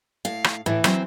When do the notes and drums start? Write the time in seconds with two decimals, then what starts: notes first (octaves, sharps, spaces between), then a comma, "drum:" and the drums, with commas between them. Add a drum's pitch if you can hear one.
0.25 A2 F5
0.44 drum: rim click
0.66 A2 E3 E4
0.84 F#3 C4 C5, drum: rim click